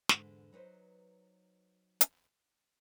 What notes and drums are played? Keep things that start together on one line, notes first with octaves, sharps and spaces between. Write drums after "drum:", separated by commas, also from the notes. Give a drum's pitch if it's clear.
E2 G#2 D3, drum: snare
F#3 D#4 B4 C5
drum: hi-hat